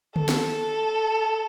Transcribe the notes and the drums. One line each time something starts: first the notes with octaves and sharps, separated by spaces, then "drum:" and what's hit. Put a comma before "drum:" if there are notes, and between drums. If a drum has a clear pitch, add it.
A4, drum: tom D3
drum: snare